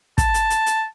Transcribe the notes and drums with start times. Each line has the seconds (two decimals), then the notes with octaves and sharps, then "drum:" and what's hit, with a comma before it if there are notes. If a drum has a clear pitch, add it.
0.18 A5, drum: kick, hi-hat
0.34 drum: hi-hat
0.50 drum: hi-hat
0.66 drum: hi-hat